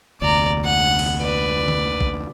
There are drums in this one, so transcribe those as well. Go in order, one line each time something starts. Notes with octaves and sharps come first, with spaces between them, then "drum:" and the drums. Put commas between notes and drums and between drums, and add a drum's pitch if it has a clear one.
F1 D2 D5 A#5
F#5
drum: cymbal
B4 D5
drum: tom D3
drum: kick